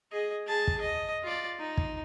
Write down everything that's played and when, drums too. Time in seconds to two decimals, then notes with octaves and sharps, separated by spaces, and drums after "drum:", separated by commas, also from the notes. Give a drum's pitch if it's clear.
0.12 G#4 D#5
0.46 G#4 A5
0.67 drum: kick
0.81 D#5
1.23 F4 D5
1.59 D#4
1.77 drum: kick